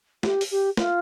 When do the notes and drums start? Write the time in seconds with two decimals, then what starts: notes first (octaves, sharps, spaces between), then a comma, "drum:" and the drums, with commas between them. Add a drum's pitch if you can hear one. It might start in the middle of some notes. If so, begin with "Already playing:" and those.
0.23 G4, drum: snare
0.41 drum: open hi-hat
0.51 G4
0.77 F4, drum: snare